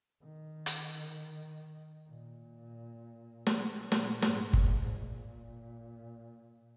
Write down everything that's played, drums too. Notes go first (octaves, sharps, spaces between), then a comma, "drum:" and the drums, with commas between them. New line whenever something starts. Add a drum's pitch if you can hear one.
D#3
drum: hi-hat
A#2
drum: snare
A#2, drum: snare
G#2, drum: snare
G#2, drum: kick G1
A#2